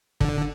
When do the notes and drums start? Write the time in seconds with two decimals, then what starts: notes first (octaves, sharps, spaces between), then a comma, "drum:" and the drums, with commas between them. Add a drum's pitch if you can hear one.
0.20 D3, drum: kick